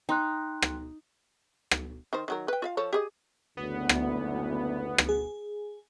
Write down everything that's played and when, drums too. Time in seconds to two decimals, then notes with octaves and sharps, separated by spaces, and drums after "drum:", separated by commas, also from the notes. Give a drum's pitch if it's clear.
0.09 D#4 G5 C6 F#6
0.62 drum: rim click
1.71 drum: rim click
2.13 D#3 A#4 C5
2.28 D#3 F#3 A#4
2.48 B4 G5
2.62 F4 E5 F5
2.77 F3 A4 C#5
2.93 G4 G#4 D#5
3.57 F#1 D2 B3
3.89 drum: rim click
4.98 drum: rim click
5.09 G#4